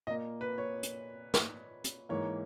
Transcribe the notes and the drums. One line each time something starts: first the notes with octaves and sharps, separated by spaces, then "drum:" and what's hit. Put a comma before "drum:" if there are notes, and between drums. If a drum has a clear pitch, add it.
A#2 A#3 D#5
B4
C#5
drum: hi-hat
drum: snare
drum: hi-hat
G#2 E3 A#3 C#5